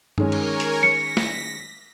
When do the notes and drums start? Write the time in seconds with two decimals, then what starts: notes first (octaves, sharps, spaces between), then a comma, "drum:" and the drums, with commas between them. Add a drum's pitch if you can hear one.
0.18 D#3 G#3 C#4 A#4 C#5 G#5, drum: tom G2
0.32 drum: cymbal
0.60 drum: hi-hat
0.83 A#6 B6 C#7
1.17 drum: snare